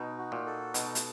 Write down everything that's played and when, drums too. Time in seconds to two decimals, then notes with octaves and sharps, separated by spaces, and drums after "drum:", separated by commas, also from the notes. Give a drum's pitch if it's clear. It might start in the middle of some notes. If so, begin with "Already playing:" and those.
Already playing: B2 D#4
0.18 F#4
0.32 A#2
0.46 A4
0.74 B2 D#4, drum: hi-hat
0.95 drum: hi-hat